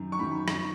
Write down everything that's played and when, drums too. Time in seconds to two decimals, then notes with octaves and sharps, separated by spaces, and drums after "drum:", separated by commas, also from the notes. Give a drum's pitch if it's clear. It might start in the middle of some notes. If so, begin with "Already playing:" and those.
Already playing: F#2 D#3
0.12 C#6
0.19 F#2 D#3 B5
0.48 drum: rim click